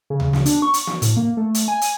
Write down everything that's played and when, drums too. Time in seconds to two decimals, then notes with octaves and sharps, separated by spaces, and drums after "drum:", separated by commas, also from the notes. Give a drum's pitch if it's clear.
0.10 C#3
0.20 drum: tom D2
0.33 drum: snare
0.46 D4, drum: hi-hat
0.62 C#6
0.74 drum: hi-hat
0.87 drum: snare
1.02 A2, drum: hi-hat
1.17 A#3
1.37 A3
1.55 drum: hi-hat
1.68 G#5
1.81 drum: hi-hat